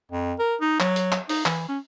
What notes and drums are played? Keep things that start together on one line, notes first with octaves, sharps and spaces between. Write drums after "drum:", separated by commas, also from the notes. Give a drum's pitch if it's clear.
F2
A#4
D#4
F#3, drum: clap
drum: hi-hat
drum: clap
D#4, drum: open hi-hat
E3, drum: clap
C#4